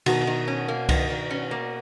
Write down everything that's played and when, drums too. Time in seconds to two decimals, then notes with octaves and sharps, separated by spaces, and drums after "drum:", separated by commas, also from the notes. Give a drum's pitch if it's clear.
0.06 B2 D#3, drum: cymbal
0.27 D#3
0.48 C#4
0.68 A#3
0.89 D#3, drum: kick C2, cymbal
1.10 D#3
1.30 C#4
1.51 A#3